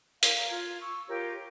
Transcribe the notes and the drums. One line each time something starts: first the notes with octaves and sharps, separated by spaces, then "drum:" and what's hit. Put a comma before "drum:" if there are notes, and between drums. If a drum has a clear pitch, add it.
A#4 F5, drum: hi-hat
F4 F6 G#6
C#6 E6
F4 G4 A#4 C#5